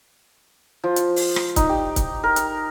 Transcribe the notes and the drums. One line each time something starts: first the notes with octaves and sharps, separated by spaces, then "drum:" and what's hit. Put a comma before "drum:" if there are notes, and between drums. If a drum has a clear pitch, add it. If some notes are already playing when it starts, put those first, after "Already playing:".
F3
drum: hi-hat
drum: open hi-hat
drum: rim click
D#4, drum: kick, hi-hat
G4
drum: kick, hi-hat
A#4
drum: hi-hat